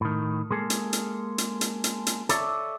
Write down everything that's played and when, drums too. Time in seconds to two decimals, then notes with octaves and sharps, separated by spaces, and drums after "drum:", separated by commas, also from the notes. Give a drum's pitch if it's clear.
0.01 A2 D#3
0.51 G#3 A#3 G#4 A4
0.70 drum: hi-hat
0.93 drum: hi-hat
1.38 drum: hi-hat
1.61 drum: hi-hat
1.84 drum: hi-hat
2.07 drum: hi-hat
2.29 A4 C#5 D5 E5, drum: hi-hat